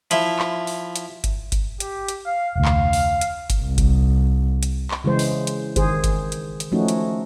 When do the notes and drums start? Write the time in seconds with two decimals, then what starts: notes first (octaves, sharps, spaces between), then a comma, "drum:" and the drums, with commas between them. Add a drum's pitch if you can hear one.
0.11 F3 E4, drum: hi-hat
0.39 drum: clap
0.67 drum: open hi-hat
0.96 drum: hi-hat
1.24 drum: kick G1, hi-hat
1.52 drum: kick G1, hi-hat
1.80 G4, drum: hi-hat
2.08 drum: hi-hat
2.26 F5
2.56 F1 D2 F5
2.65 drum: clap
2.93 drum: open hi-hat
3.21 drum: hi-hat
3.50 drum: kick G1, hi-hat
3.60 C2
3.78 drum: kick G1, hi-hat
4.63 drum: hi-hat
4.91 drum: clap
5.04 C#3 E3 G#3 C5
5.19 drum: open hi-hat
5.47 drum: hi-hat
5.76 D#3 G#4 C5, drum: kick G1, hi-hat
6.04 drum: kick G1, hi-hat
6.32 drum: hi-hat
6.60 drum: hi-hat
6.72 F3 A3 C#4 D#4 F#4
6.88 drum: hi-hat